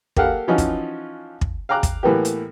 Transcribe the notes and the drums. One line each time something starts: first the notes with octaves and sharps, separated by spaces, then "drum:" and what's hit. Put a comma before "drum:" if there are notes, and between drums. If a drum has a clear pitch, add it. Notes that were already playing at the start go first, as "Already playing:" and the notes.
A#3 G4 A4 F5 F#5, drum: kick
E3 F3 C#4 D#4 F4 F#4
drum: kick, hi-hat
drum: kick
F5 G5 A#5 D6 F#6
drum: kick, hi-hat
A2 E3 A#3 B3 G4
drum: hi-hat